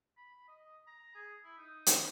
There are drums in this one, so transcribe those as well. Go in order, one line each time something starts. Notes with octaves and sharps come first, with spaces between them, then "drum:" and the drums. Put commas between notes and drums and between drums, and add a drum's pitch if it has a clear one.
B5
D#5
A#5
G#4
E4
D#4
drum: hi-hat